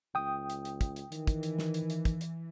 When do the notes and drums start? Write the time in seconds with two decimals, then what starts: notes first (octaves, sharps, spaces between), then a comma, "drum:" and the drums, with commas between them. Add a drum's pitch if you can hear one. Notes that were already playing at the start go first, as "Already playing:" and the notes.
0.15 C#2 G5 D#6
0.50 drum: hi-hat
0.65 drum: hi-hat
0.81 drum: kick, hi-hat
0.96 drum: hi-hat
1.12 D#3 E3, drum: hi-hat
1.27 drum: kick, hi-hat
1.43 drum: hi-hat
1.59 drum: snare
1.74 drum: hi-hat
1.90 drum: hi-hat
2.05 drum: kick, hi-hat
2.21 drum: hi-hat